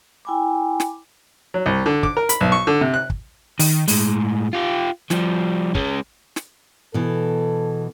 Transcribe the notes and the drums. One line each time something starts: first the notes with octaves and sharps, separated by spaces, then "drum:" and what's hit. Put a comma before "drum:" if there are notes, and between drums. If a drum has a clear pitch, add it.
E4 G5 G#5 B5 D6
drum: snare
F#3
C2
D3
D6, drum: kick
A#4
B5, drum: hi-hat
B1
C#6
D3
C3
F#6
drum: kick
D#3, drum: open hi-hat
A2 G#3, drum: open hi-hat
F4 G4
F3 G3, drum: snare
G#3 C#4, drum: kick
drum: snare
B2 E3 A4